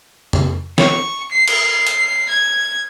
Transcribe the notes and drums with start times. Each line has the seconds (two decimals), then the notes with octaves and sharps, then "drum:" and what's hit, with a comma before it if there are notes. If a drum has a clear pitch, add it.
0.33 drum: tom F2
0.78 C#6, drum: snare
1.32 C7
1.48 drum: cymbal
1.87 drum: hi-hat
2.29 G#6